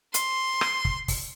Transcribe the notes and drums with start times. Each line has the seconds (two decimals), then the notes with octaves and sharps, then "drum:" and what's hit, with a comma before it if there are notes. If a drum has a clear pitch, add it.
0.14 C6, drum: hi-hat
0.61 drum: rim click
0.85 drum: kick
1.08 drum: kick, open hi-hat